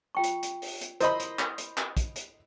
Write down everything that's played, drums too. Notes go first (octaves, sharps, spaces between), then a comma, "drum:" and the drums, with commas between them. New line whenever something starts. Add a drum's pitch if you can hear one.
F4 G5 C#6
drum: hi-hat
drum: hi-hat
drum: open hi-hat
drum: hi-hat
E4 A#4 C5 D#5 B5, drum: hi-hat
drum: hi-hat
drum: clap
drum: hi-hat
drum: clap
drum: kick, hi-hat
drum: hi-hat